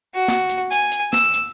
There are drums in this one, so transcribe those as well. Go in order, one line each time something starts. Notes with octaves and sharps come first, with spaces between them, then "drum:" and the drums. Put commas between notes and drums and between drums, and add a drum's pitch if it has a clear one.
F#4
drum: snare
drum: hi-hat
G#5, drum: hi-hat
drum: hi-hat
E6, drum: snare
drum: hi-hat